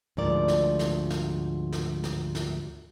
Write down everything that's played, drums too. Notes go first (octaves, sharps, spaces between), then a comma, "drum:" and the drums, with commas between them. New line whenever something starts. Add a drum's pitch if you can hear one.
D2 G#2 F3 A#4 D5
drum: snare
drum: snare
drum: snare
drum: snare
drum: snare
drum: snare